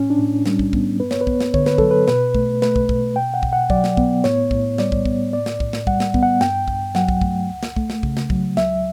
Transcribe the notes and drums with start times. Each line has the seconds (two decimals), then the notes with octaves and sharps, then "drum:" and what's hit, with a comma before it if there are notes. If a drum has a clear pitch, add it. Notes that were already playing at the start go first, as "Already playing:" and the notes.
Already playing: A2 C#4
0.10 D4
0.19 A2
0.46 G3, drum: snare
0.59 drum: kick
0.73 B3, drum: kick
1.00 G2 B4
1.11 C#5, drum: snare
1.21 B4
1.27 B3, drum: kick
1.40 drum: snare
1.54 D3 C#5, drum: kick
1.66 B4, drum: snare
1.78 F#3 A4, drum: kick
1.91 B4
2.08 B2 B4, drum: snare
2.35 A3, drum: kick
2.62 A3 B4, drum: snare
2.76 drum: kick
2.89 B2, drum: kick
3.16 B2 G5
3.34 F#5
3.43 B2, drum: kick
3.53 F#5
3.70 F#3 D5, drum: kick
3.84 drum: snare
3.97 B3, drum: kick
4.24 A2 C#5, drum: snare
4.51 A2, drum: kick
4.78 G3 D5, drum: snare
4.92 drum: kick
5.06 B3, drum: kick
5.33 A2 D5
5.46 drum: snare
5.60 A2, drum: kick
5.73 drum: snare
5.87 G3 F#5, drum: kick
6.00 drum: snare
6.14 B3, drum: kick
6.23 F#5
6.41 G2 G5, drum: snare
6.68 G2, drum: kick
6.95 F#3 F#5, drum: snare
7.09 drum: kick
7.21 A3, drum: kick
7.49 C#2
7.63 drum: snare
7.76 A3, drum: kick
7.90 drum: snare
8.03 C#3, drum: kick
8.17 drum: snare
8.30 F#3, drum: kick
8.57 C#2 E5, drum: snare